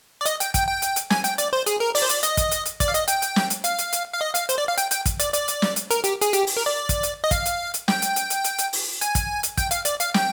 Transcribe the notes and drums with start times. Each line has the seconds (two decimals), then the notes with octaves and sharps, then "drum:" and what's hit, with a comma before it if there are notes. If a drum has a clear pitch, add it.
0.21 D5
0.26 D#5, drum: hi-hat
0.40 G5, drum: hi-hat
0.54 G5, drum: kick, hi-hat
0.68 G5
0.82 drum: hi-hat
0.96 drum: hi-hat
1.10 G#5, drum: snare
1.24 G5, drum: hi-hat
1.38 D5, drum: hi-hat
1.53 C5
1.66 G#4, drum: hi-hat
1.80 A#4
1.95 D5, drum: open hi-hat
2.02 C5
2.09 D5, drum: hi-hat
2.23 D#5, drum: hi-hat
2.37 drum: kick, hi-hat
2.51 drum: hi-hat
2.66 drum: hi-hat
2.80 D5, drum: kick, hi-hat
2.88 F5
2.94 D#5, drum: hi-hat
3.08 G5, drum: hi-hat
3.22 drum: hi-hat
3.36 drum: snare
3.50 drum: hi-hat
3.64 F5, drum: hi-hat
3.79 drum: hi-hat
3.93 drum: hi-hat
4.14 F5
4.21 D#5
4.35 F5, drum: hi-hat
4.49 C5, drum: hi-hat
4.58 D5
4.68 F5
4.78 G5, drum: hi-hat
4.91 G5, drum: hi-hat
5.06 drum: kick, hi-hat
5.20 D5, drum: hi-hat
5.33 D5, drum: hi-hat
5.48 drum: hi-hat
5.62 drum: snare
5.76 drum: hi-hat
5.91 A#4, drum: hi-hat
6.04 G4, drum: hi-hat
6.21 G#4, drum: hi-hat
6.33 G4, drum: hi-hat
6.47 drum: open hi-hat
6.57 A#4
6.66 D5
6.89 drum: kick, hi-hat
7.03 drum: hi-hat
7.24 D#5
7.31 F5, drum: kick, hi-hat
7.46 drum: hi-hat
7.74 drum: hi-hat
7.88 G5, drum: snare
8.02 drum: hi-hat
8.16 drum: hi-hat
8.30 drum: hi-hat
8.44 drum: hi-hat
8.59 drum: hi-hat
8.73 drum: open hi-hat
9.01 G#5, drum: hi-hat
9.15 drum: kick, hi-hat
9.43 drum: hi-hat
9.58 G5, drum: kick, hi-hat
9.71 F5, drum: hi-hat
9.85 D5, drum: hi-hat
10.00 F5, drum: hi-hat
10.14 G5, drum: snare